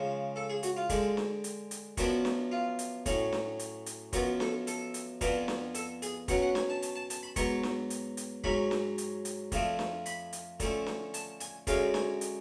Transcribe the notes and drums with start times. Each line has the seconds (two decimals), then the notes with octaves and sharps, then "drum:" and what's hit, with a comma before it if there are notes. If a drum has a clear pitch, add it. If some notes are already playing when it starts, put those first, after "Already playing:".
Already playing: C#3 F3 G#3 C#4
0.36 A4
0.50 G#4
0.63 F#4, drum: hi-hat
0.77 F4
0.90 D3 G#3 D4, drum: kick, hi-hat
1.17 drum: snare
1.44 drum: hi-hat
1.71 drum: hi-hat
1.97 F#2 F3 B3 D4 F#4, drum: kick, hi-hat
2.25 drum: snare
2.52 F4
2.79 drum: hi-hat
3.06 A2 F#3 C#4, drum: kick, hi-hat
3.33 drum: snare
3.59 drum: hi-hat
3.86 drum: hi-hat
4.13 F#2 F3 B3 F#4, drum: kick, hi-hat
4.40 A4, drum: snare
4.67 A4, drum: hi-hat
4.94 drum: hi-hat
5.21 F2 F3 B3 D4, drum: kick, hi-hat
5.48 drum: snare
5.75 A4, drum: hi-hat
6.02 G#4, drum: hi-hat
6.28 B2 F#3 C#4 F#5, drum: kick, hi-hat
6.42 F#5
6.55 G#5, drum: snare
6.70 A5
6.82 A5, drum: hi-hat
6.96 A5
7.10 A5, drum: hi-hat
7.23 B5
7.36 G#2 F#3 B3 C#6, drum: kick, hi-hat
7.63 drum: snare
7.90 drum: hi-hat
8.17 drum: hi-hat
8.44 G#2 F#3 C#4 B5, drum: kick
8.71 drum: snare
8.98 drum: hi-hat
9.25 drum: hi-hat
9.52 F2 F3 A3 D4, drum: kick, hi-hat
9.79 drum: snare
10.06 B5, drum: hi-hat
10.33 drum: hi-hat
10.60 D3 F3 A3 C#4, drum: kick, hi-hat
10.86 drum: snare
11.14 A5, drum: hi-hat
11.40 G#5, drum: hi-hat
11.67 F#2 D3 G#3 C#4 F5, drum: kick, hi-hat
11.94 G#5, drum: snare
12.21 drum: hi-hat